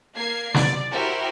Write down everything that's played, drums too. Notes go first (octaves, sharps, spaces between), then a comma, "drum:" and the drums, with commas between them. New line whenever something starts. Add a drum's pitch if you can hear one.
A#3 G#6 C7
D5, drum: snare
E4 F#4 G4 A#4 C5